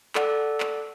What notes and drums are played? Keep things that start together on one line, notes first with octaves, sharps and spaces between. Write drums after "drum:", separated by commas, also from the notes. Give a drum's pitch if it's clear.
A4 D5 F#5, drum: clap
drum: clap